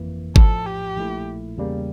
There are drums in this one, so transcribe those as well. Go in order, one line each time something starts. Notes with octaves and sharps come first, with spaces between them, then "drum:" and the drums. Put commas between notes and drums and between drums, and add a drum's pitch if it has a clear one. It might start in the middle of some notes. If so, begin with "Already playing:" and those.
Already playing: G1 F2 E3 A#3
A#1 A2 F3 A4, drum: kick
G4
A#1 A#2 A3 E4
E2 C#3 G3 A#3